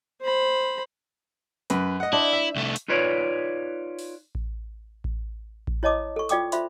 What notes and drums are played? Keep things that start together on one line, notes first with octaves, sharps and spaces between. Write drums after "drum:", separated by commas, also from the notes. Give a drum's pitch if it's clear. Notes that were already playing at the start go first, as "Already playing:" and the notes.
C5 B5
F#2 B4, drum: hi-hat
D#5 F#5
D4 E4 C5
E5
C2 A3
drum: hi-hat
D#4 F4 B4 C#5 D5
drum: open hi-hat
drum: kick A1
drum: kick A1
drum: kick A1
E4 C#5 D#5 A5 D6 D#6
A4 C#6
F4 D5 G5 D6 D#6, drum: hi-hat
F4 C5 E5 B5 C6, drum: hi-hat